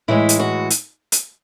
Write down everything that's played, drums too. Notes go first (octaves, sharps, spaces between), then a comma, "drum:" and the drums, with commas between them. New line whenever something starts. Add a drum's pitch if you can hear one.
A2 E3 G#3 E4
drum: hi-hat
F#4
drum: hi-hat
drum: hi-hat